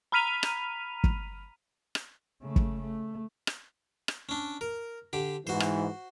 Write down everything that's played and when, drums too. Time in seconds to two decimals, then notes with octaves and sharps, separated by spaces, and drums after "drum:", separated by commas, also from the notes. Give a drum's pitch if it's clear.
0.12 A#5 B5 F6 B6 D#7 F7
0.43 drum: rim click
1.04 drum: kick
1.95 drum: rim click
2.42 C#3 A3
2.56 drum: kick
2.81 A3
3.47 drum: rim click
4.08 drum: rim click
4.29 C#4 D4
4.61 A#4
5.13 D3 G4
5.47 G#2 E3 F#4 C5
5.60 drum: rim click